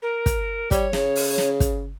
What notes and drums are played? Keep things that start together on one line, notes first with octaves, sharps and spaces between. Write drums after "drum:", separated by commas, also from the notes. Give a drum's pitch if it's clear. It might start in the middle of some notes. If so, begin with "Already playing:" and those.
A#4
drum: kick, hi-hat
G3 C#5, drum: kick, hi-hat
C#3, drum: snare
drum: open hi-hat
drum: snare
drum: kick, hi-hat